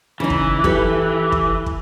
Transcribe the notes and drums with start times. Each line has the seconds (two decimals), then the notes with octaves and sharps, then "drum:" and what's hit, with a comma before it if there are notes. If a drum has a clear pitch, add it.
0.20 C#3 E3 D#4
0.30 drum: kick
0.64 G4 A4 B4, drum: kick
1.32 drum: kick
1.66 drum: kick